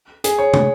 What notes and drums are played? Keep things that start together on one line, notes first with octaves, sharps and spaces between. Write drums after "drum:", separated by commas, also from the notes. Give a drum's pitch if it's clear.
G#4, drum: hi-hat
C#5
drum: tom